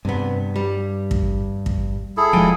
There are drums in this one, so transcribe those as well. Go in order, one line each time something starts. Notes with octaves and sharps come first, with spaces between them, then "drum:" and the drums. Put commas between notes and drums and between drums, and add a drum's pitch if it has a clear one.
G2 C3 B3
G3
drum: kick
drum: kick
E4 G#4 A4
E1 F3 F#3 G#3 G5 G#5